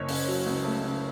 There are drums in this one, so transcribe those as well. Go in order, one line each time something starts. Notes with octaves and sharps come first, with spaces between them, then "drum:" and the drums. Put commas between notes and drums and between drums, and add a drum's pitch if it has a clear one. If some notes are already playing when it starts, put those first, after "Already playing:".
Already playing: F#1 C#5
C#3, drum: open hi-hat
F#3
C#2
A3
C#3